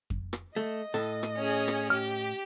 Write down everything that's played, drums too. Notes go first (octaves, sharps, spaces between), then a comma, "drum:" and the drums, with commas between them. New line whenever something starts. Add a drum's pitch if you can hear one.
drum: kick F2
drum: rim click
A3 D#5
A2 A4
drum: rim click
C#4 G#4
drum: rim click
G4 F6